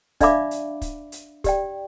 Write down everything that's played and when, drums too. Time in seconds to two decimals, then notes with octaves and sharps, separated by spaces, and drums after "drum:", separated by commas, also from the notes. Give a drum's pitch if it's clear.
0.21 D4 D5 E5 F5 B5 D6, drum: kick, hi-hat
0.51 drum: hi-hat
0.82 drum: kick, hi-hat
1.12 drum: hi-hat
1.44 G4 D5 G5, drum: kick, hi-hat